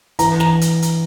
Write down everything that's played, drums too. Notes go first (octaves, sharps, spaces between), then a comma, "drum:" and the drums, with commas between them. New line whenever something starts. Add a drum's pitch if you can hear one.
E3 A#5, drum: hi-hat
A#5, drum: snare
drum: hi-hat
drum: hi-hat